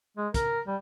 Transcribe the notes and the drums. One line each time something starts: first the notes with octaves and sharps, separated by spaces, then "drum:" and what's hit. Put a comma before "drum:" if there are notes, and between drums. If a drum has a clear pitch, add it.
G#3
A#4, drum: kick, hi-hat
G3